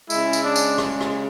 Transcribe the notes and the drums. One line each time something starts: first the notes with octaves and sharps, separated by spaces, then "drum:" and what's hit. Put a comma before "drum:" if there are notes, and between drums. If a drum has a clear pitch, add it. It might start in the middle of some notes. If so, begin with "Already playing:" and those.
C#3 G#3 E4, drum: tambourine
drum: tambourine
D4
drum: tambourine
drum: rim click
drum: rim click